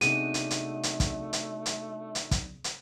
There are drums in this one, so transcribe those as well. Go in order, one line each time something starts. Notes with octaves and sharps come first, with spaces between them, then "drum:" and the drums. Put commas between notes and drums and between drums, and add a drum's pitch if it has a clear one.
C3 A3 B3 D4 D#4 F#4 G#4 D#7, drum: hi-hat
drum: hi-hat
drum: hi-hat
drum: hi-hat
drum: kick, hi-hat
drum: hi-hat
drum: hi-hat
drum: hi-hat
drum: kick, hi-hat
drum: hi-hat